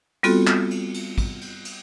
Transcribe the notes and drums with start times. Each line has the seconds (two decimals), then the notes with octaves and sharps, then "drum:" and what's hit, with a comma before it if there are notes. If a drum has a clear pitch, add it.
0.23 G3 B3 C4 F4 F#4 A4, drum: cymbal
0.47 drum: clap
0.71 drum: cymbal
0.94 drum: cymbal
1.18 drum: kick, cymbal
1.41 drum: cymbal
1.65 drum: cymbal